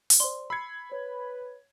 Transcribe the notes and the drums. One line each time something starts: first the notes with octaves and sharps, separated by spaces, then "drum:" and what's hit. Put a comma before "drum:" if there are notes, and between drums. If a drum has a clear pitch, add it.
drum: open hi-hat
C5 D5 C6
B5 E6 G#6 C7 C#7
B4 C#5